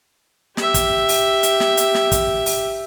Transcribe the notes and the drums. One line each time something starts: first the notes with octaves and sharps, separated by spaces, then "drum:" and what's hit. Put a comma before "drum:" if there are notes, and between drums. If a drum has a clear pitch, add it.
G4 E5, drum: snare
drum: kick, hi-hat
drum: open hi-hat
drum: hi-hat
drum: snare
drum: hi-hat
drum: snare
drum: kick, hi-hat
drum: open hi-hat